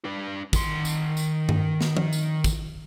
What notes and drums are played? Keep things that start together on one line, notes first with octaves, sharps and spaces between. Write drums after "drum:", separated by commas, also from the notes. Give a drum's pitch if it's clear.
D4 B4
D#3 C6, drum: kick, tambourine
drum: tambourine
drum: tambourine
drum: tom G2
drum: snare
drum: tom F3
drum: tambourine
drum: kick, tambourine